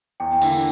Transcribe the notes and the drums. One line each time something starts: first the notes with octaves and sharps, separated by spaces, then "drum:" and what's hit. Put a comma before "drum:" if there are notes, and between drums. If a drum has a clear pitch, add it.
E2 G5
D3 A#3 E4, drum: cymbal